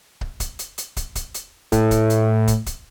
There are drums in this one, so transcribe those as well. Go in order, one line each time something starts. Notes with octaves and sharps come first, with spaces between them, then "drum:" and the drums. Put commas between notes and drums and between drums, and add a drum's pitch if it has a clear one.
drum: kick
drum: kick, hi-hat
drum: hi-hat
drum: hi-hat
drum: kick, hi-hat
drum: kick, hi-hat
drum: hi-hat
A2, drum: kick, hi-hat
drum: kick, hi-hat
drum: hi-hat
drum: kick, hi-hat
drum: kick, hi-hat